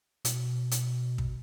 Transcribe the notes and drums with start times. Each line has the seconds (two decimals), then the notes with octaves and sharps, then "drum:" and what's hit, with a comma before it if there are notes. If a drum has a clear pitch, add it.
0.25 B2, drum: hi-hat
0.71 drum: hi-hat
1.18 drum: kick